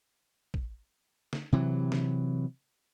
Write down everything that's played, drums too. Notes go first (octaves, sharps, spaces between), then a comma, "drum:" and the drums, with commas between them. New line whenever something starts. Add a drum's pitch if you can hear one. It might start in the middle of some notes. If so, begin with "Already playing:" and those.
drum: kick A1
drum: snare
C3 E3 F#3
drum: snare